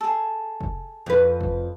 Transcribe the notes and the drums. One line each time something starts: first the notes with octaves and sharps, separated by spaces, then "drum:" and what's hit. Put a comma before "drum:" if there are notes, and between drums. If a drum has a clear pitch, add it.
G#4 A4
drum: kick
F2 B4
drum: kick